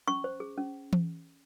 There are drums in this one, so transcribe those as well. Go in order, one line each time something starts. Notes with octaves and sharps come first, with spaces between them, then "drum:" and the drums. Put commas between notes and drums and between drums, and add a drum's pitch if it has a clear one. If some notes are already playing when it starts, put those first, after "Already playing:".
C#4 C#6
C5
G#4
C#4
drum: tom E3